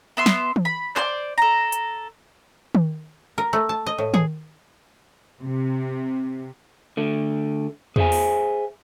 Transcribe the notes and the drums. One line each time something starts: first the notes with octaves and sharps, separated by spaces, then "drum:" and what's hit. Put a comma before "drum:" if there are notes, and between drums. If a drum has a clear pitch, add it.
B3 E5 C6
drum: snare
drum: tom E3
B5
C5 D5, drum: clap
A4 A#5
drum: hi-hat
drum: tom D#3
A#4
A3
A5
D#5
A2
G#4, drum: tom D#3
C3
D3 A3
G#4 C5 D#5 E5 G#5, drum: tom E2
drum: open hi-hat